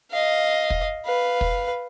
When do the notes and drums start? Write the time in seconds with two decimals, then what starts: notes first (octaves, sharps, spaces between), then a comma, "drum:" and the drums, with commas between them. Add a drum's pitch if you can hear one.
0.11 D#5 F5
0.70 drum: kick
1.06 B4 F5
1.41 drum: kick